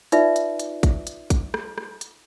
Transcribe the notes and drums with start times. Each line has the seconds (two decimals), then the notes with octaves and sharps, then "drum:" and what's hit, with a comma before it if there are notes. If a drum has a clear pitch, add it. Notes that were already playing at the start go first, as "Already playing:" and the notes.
0.12 D#4 F4 B4 D5 E5, drum: hi-hat
0.36 drum: hi-hat
0.60 drum: hi-hat
0.83 drum: kick, hi-hat
1.07 drum: hi-hat
1.30 drum: kick, hi-hat
1.54 drum: rim click
1.78 drum: rim click
2.01 drum: hi-hat